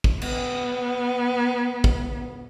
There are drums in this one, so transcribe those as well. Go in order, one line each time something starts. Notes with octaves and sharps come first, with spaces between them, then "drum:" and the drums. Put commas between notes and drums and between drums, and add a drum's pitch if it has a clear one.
drum: kick
B3, drum: cymbal
drum: kick